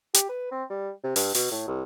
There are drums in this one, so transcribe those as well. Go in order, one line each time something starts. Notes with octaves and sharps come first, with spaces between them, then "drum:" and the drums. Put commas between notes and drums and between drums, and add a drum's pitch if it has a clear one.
G4, drum: hi-hat
B4
C4
G3
C3
G2, drum: open hi-hat
B2, drum: open hi-hat
A2
C2